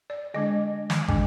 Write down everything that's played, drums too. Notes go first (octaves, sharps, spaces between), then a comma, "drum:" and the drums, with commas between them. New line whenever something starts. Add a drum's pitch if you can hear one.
D5
D3 G#3 D4 D#5
drum: snare
D3 G#3 D4, drum: kick